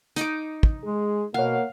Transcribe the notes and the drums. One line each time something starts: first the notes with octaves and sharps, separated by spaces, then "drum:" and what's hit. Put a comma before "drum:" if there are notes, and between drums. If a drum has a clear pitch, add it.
D#4 D6, drum: hi-hat
drum: kick
G#3 G#4
B2 A#3 C#5 F5 F#5